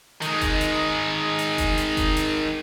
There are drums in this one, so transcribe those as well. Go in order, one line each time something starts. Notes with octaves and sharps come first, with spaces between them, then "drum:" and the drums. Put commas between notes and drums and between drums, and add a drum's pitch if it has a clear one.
D#3 G#3, drum: hi-hat
drum: kick F1, hi-hat
drum: hi-hat
drum: hi-hat
drum: kick F1, hi-hat
drum: hi-hat
drum: kick F1, hi-hat
drum: hi-hat